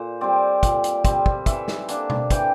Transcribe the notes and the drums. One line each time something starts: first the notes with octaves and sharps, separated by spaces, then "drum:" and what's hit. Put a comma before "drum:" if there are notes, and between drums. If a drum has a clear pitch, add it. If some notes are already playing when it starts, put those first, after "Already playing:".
Already playing: A#2 C5
G3 C4 D5
A#2, drum: kick, hi-hat
drum: hi-hat
G3 C4, drum: kick, hi-hat
drum: kick
E3 E5, drum: kick, hi-hat
drum: snare
A#3 D4 A5, drum: hi-hat
drum: tom B2
E3 G5, drum: kick, hi-hat